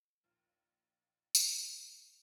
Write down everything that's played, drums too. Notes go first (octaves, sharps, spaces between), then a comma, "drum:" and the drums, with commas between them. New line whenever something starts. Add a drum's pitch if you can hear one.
A#1 D#2 F4 F6
drum: tambourine